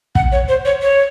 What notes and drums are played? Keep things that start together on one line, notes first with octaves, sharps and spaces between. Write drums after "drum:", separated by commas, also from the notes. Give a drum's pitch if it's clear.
F#5, drum: kick
C#5
C5
C#5
C#5